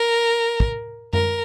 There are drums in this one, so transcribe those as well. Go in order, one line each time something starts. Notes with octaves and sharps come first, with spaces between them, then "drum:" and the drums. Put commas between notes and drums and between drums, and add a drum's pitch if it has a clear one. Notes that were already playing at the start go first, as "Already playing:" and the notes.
Already playing: A#4
drum: kick
A#4, drum: tom F#2